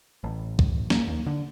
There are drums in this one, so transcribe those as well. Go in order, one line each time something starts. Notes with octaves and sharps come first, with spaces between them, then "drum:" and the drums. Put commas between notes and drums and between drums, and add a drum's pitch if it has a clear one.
A1
drum: kick
A#3, drum: snare
D#2
D3